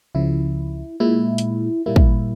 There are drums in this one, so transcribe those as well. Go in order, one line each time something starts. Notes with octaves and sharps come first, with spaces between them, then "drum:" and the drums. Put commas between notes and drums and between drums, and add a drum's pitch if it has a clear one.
C#2 C#3 F3 E4
A#2 G#3 E4
drum: hi-hat
A#2 G3 A#3 E4
drum: kick